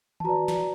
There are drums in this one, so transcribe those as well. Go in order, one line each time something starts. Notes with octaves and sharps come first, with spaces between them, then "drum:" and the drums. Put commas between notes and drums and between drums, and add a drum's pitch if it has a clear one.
A5, drum: tom D#3
F#4 B4 D5 A#5
drum: snare